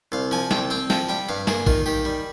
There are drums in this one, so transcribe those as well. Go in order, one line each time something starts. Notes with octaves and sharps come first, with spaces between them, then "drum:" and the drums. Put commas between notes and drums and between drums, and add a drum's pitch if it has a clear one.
C2 F5
F3 G#5
C2 G5, drum: snare
C4 G5
F3 G5, drum: snare
G3 G5
G2 F5
A#3 G#4, drum: snare
D#3 F4, drum: kick
D#3 G4
G3